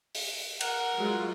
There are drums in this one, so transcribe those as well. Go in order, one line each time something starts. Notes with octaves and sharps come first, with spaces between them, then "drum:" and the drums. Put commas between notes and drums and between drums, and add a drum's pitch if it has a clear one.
drum: open hi-hat
A#4 F#5, drum: cymbal
F#3 G#3 F4